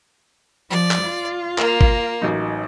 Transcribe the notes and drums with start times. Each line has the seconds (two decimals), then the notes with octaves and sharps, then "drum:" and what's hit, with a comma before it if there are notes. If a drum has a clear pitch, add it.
0.70 F3 D5
0.91 drum: clap
1.03 F4
1.58 A#3 A#4, drum: clap
1.81 drum: kick
2.22 A1 F#3 D#4